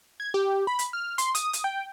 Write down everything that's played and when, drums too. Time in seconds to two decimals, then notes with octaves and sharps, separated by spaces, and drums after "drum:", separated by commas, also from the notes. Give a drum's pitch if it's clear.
0.20 G#6
0.34 G4
0.67 B5
0.79 drum: hi-hat
0.93 F6
1.18 C6, drum: hi-hat
1.35 D#6, drum: hi-hat
1.53 drum: hi-hat
1.64 G5